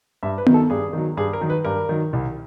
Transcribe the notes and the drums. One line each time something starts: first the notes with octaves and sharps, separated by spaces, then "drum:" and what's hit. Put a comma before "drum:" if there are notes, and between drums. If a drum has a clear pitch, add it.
G2 E5
B4
D#3 F#3, drum: tom B3
A4
G2 G#4
D#3 F#3
G2 G#4
A#4
D#3 F#3
B4
G2 A#4
D#3 F#3
C2